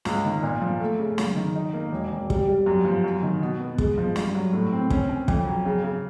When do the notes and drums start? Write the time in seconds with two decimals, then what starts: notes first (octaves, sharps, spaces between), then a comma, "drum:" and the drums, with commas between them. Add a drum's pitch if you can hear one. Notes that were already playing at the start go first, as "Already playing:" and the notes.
0.05 C#2, drum: snare
0.25 D#3
0.42 A#2
0.61 F3
0.80 A3
0.99 C#3
1.18 F#1, drum: snare
1.36 D#3
1.55 D#4
1.73 A#3
1.92 E1
2.11 E1
2.30 G3, drum: kick
2.48 G3
2.66 F#2
2.85 F3
3.04 F#2
3.22 D#3
3.42 B2
3.60 B3
3.78 G#3, drum: kick
3.98 F3
4.16 G2, drum: snare
4.35 F#3
4.53 A2
4.72 C4
4.90 C#4, drum: kick
5.09 C#4
5.28 F2, drum: kick
5.47 F#3
5.65 C#3
5.83 C#3